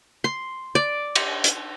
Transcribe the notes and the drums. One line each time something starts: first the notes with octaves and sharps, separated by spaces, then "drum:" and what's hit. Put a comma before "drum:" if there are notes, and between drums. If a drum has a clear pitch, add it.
C6
D5
drum: cymbal
drum: hi-hat